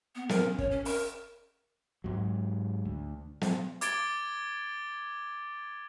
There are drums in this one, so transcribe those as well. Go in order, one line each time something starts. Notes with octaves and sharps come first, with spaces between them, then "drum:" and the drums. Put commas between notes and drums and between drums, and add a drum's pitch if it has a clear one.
B3
A#4, drum: snare
C#4
C#5, drum: kick
C#4
A#4, drum: open hi-hat
G#2 F#3
D2
drum: snare
D6 G#6 A6 D7 G7, drum: hi-hat